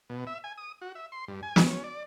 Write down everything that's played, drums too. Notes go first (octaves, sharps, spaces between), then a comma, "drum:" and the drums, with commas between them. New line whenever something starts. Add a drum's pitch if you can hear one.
B2
E5
G#5
D#6
F#4
E5
C6
G2
G#5
drum: snare
C#4
D5